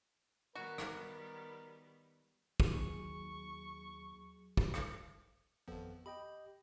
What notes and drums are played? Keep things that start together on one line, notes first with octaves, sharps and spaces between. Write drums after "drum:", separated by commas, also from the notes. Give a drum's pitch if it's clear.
D#3 G3 B3 F#4 A#4
drum: rim click
drum: kick
D#2 F#3 G#4 C#6
drum: kick
drum: rim click
G#1 F2 F3 B3 A4
G4 D#5 G5 B5